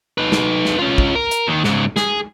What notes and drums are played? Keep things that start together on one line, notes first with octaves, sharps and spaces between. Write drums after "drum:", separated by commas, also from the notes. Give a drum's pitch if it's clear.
D#4 B4
drum: snare
drum: snare
C#4 F4
drum: kick
A#4
drum: hi-hat
D#2 D#3
G#2 C#3, drum: snare
G#4, drum: snare